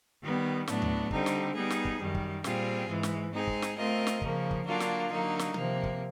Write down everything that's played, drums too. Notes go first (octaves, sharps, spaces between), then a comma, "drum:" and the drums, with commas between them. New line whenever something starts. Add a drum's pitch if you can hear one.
D#3 G3 B3
A2 F#3 B3 D4, drum: snare
drum: tom D2
D3 G3 C4 D#4, drum: kick
drum: snare
G3 B3 D#4 G#4
drum: snare
drum: kick
F#2 D#3 G3
drum: kick
A#2 G3 C4 F4 G#4, drum: snare
G#2 E3 G#3
drum: snare
G#3 C4 D#4 G#4
drum: kick
drum: snare
A3 C4 F4 A#4 D#5
drum: snare
C#3 F3 A#3, drum: kick
drum: kick
D3 F#3 A#3 D4 F4
drum: snare
D3 F#3 A#3 D#4
drum: snare
C3 F3 A#3, drum: tom D#3
drum: kick